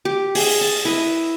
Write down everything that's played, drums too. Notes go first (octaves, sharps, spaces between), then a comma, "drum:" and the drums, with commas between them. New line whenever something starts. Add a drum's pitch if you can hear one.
G4
G#4, drum: open hi-hat
A5
E4 B4 D#5